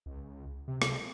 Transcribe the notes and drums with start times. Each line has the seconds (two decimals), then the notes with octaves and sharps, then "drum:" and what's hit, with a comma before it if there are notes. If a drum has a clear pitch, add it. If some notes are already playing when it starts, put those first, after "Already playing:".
0.06 C#2
0.68 C3
0.82 drum: rim click